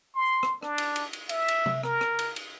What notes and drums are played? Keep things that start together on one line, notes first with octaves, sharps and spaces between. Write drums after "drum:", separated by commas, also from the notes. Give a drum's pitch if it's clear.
C6
drum: rim click
D4, drum: rim click
drum: cymbal
drum: cymbal
drum: cymbal
E5, drum: cymbal
drum: cymbal
drum: tom C3
A#4, drum: rim click
drum: rim click
drum: cymbal
drum: cymbal